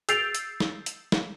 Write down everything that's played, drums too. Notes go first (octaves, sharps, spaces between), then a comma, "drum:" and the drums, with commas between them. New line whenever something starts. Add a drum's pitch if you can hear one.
E6 G6 A6 C7 D7 F7, drum: hi-hat
drum: hi-hat
drum: snare
drum: hi-hat
drum: snare